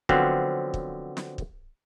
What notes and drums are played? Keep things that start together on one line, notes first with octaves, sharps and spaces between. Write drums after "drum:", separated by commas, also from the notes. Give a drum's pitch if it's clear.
D3 F3 F#3 B3 C4 F5, drum: kick
drum: kick
drum: snare
drum: kick